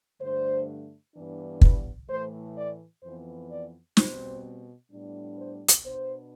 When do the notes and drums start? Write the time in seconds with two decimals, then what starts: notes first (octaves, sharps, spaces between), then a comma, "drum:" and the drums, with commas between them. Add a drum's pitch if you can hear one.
0.20 G2 D3 A3 D4 C5
1.14 G2 E3 B3 D4
1.61 B4, drum: kick
2.09 A2 E3 A3 C5
2.56 D5
3.02 F2 E3 B3 C5
3.50 D5
3.97 B2 G3 C4 C5, drum: snare
4.91 A2 G3 B3 D4
5.38 C5
5.68 drum: hi-hat
5.85 B2 B3 D4 C5